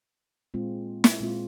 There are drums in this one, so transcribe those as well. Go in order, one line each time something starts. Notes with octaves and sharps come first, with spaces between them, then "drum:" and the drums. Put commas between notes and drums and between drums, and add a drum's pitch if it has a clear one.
A#2 G#3 C4 F4
drum: snare
A#2 G#3 C4 F4